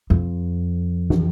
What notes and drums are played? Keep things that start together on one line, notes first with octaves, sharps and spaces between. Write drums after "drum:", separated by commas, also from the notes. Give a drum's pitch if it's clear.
F2
drum: tom